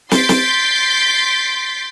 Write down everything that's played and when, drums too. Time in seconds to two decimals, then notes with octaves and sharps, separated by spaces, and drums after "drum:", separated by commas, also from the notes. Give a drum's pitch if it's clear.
0.11 C6 G6 A6 B6 C7 D7, drum: snare
0.29 drum: snare